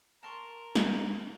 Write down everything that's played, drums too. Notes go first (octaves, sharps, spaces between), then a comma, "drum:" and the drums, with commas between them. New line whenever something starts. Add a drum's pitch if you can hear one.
A#4 A5 C6 C#6
drum: snare